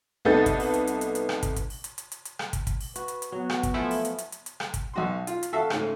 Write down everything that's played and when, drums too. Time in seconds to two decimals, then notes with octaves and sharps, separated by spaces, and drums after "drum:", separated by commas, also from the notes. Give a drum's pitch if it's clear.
0.25 C2 B3 D#4 A4 G6 A6
0.46 drum: kick, hi-hat
0.60 drum: open hi-hat
0.74 drum: hi-hat
0.87 drum: hi-hat
1.01 drum: hi-hat
1.15 drum: hi-hat
1.29 drum: rim click
1.43 drum: kick, hi-hat
1.56 drum: kick, hi-hat
1.70 drum: open hi-hat
1.84 drum: hi-hat
1.98 drum: hi-hat
2.12 drum: hi-hat
2.25 drum: hi-hat
2.39 drum: rim click
2.53 drum: kick, hi-hat
2.67 drum: kick, hi-hat
2.81 drum: open hi-hat
2.96 F#4 B4, drum: hi-hat
3.08 drum: hi-hat
3.22 drum: hi-hat
3.32 F#3 B3 F#4
3.50 drum: rim click
3.63 drum: kick, hi-hat
3.74 F3 A3 E4 E5 G#5
3.91 drum: open hi-hat
4.05 drum: hi-hat
4.19 drum: hi-hat
4.32 drum: hi-hat
4.46 drum: hi-hat
4.60 drum: rim click
4.74 drum: kick, hi-hat
4.94 B1 F#4 C6
5.27 F4, drum: hi-hat
5.43 drum: hi-hat
5.53 F#4 A4 E5 F5 A5
5.70 G#2 C#3 A3, drum: rim click